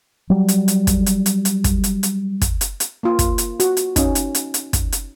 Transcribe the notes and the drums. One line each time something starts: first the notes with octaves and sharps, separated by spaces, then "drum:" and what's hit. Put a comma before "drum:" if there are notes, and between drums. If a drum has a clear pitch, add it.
F#3 G3
drum: hi-hat
drum: hi-hat
drum: kick, hi-hat
drum: hi-hat
drum: hi-hat
drum: hi-hat
drum: kick, hi-hat
drum: hi-hat
drum: hi-hat
drum: kick, hi-hat
drum: hi-hat
drum: hi-hat
A#3 F4
drum: kick, hi-hat
drum: hi-hat
F#4, drum: hi-hat
drum: hi-hat
C#4 D#4, drum: kick, hi-hat
drum: hi-hat
drum: hi-hat
drum: hi-hat
drum: kick, hi-hat
drum: hi-hat